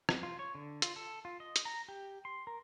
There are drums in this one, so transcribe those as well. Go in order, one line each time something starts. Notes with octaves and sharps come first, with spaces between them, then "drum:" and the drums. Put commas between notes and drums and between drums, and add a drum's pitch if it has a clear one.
drum: rim click
F4
C#5
D3
F4, drum: hi-hat
A4
F4
D#5
drum: hi-hat
A#5
G4
C6
A#4